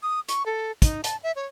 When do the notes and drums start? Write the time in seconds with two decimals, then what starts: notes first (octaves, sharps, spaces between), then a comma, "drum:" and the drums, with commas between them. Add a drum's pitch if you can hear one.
0.03 D#6
0.28 C#6, drum: hi-hat
0.46 A4
0.82 D#4, drum: kick, hi-hat
1.04 A5, drum: hi-hat
1.23 E5
1.36 C#5